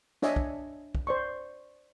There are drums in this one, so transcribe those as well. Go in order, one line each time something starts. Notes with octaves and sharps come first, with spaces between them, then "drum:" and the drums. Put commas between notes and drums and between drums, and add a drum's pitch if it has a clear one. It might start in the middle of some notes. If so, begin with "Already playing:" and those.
D4 C#5 D#5 E5 G#5, drum: snare
drum: kick
drum: kick
C5 D5 C#6